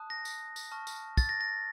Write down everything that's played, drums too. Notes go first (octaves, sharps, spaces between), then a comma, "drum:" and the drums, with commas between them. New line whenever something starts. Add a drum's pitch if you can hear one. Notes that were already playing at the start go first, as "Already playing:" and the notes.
Already playing: A5 D#6 F#6
A#6
drum: tambourine
drum: tambourine
A5 C#6 F6
drum: tambourine
A6, drum: kick, tambourine
A#6
A#6